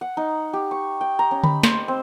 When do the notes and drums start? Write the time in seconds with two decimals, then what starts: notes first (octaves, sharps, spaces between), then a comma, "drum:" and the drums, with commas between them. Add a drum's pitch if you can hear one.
0.01 F#5
0.17 D#4
0.53 G4
0.71 C#6
1.01 G5
1.19 A#5
1.31 C#4
1.44 B5, drum: tom D3
1.63 C5, drum: snare
1.88 C4